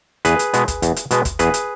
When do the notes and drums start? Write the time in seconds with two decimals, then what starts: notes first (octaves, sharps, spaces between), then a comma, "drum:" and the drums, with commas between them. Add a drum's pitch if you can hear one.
0.25 E2 G#4 B4, drum: hi-hat
0.39 drum: hi-hat
0.54 B2 G#3 B3, drum: hi-hat
0.68 drum: kick, hi-hat
0.82 E2, drum: hi-hat
0.96 drum: hi-hat
1.11 B2 G#3 B3, drum: hi-hat
1.25 drum: kick, hi-hat
1.39 E2 G#4 B4, drum: hi-hat
1.54 drum: hi-hat